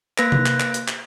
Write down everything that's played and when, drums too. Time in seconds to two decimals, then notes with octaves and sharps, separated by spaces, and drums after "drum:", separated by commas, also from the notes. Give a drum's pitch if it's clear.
0.18 A#3 B4 A#6, drum: clap
0.32 drum: tom C3
0.46 drum: clap
0.60 drum: clap
0.74 drum: hi-hat
0.88 drum: clap